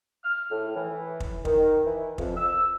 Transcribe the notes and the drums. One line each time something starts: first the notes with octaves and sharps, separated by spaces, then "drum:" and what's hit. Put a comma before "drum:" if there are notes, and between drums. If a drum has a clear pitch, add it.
F6
A2
E3
drum: kick
D#3, drum: kick
E3
F2, drum: kick
E6